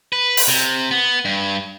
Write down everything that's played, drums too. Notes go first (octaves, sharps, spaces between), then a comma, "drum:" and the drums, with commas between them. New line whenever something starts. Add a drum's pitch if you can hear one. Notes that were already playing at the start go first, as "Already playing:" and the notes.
B4
drum: open hi-hat
C3
B3
G2